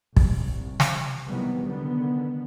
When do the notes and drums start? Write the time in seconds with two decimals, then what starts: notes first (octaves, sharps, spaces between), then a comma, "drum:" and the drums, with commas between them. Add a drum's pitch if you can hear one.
0.17 C2, drum: kick
0.80 drum: snare
1.27 C3 D#3 E3 F#3 G3 B3
1.68 D3 D#3 B3